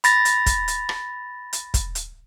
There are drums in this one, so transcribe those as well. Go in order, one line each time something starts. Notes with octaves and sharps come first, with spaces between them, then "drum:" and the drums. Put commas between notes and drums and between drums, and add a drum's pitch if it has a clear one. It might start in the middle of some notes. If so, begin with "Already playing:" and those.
B5 A6 A#6, drum: hi-hat
drum: hi-hat
drum: kick, hi-hat
drum: hi-hat
drum: rim click
drum: hi-hat
drum: kick, hi-hat
drum: hi-hat